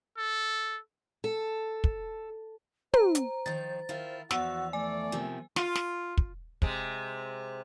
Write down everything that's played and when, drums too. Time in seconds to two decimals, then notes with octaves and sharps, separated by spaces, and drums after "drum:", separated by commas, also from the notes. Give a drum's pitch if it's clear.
0.17 A4
1.24 A4
1.84 drum: kick
2.94 C5 A#5, drum: tom
3.15 drum: hi-hat
3.46 D#3 F3 A6
3.89 D#3 E4 F4
4.31 E2 F3 F#4 F#5 E6, drum: snare
4.73 A3 D5 G#5
5.12 C3 D#3 F3
5.56 F4, drum: snare
5.75 drum: snare
6.18 drum: kick
6.62 C3 G#3, drum: kick